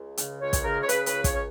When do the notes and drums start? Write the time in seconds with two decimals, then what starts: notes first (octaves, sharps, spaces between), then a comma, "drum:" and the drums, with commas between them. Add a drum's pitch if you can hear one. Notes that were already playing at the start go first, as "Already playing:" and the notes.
Already playing: C#2
0.17 C#3, drum: hi-hat
0.41 C#2 C#5
0.53 drum: kick, hi-hat
0.64 C#3 A#4
0.82 C#5
0.89 C#3 B4, drum: hi-hat
1.06 B4, drum: hi-hat
1.12 C#2
1.24 C#5, drum: kick, hi-hat
1.34 C#5